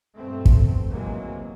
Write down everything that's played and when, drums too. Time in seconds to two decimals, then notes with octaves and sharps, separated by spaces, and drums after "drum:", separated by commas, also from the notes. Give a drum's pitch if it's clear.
0.16 G2 B2 A3 C4
0.46 drum: kick
0.91 D#2 C3 E3 F#3 G#3 A#3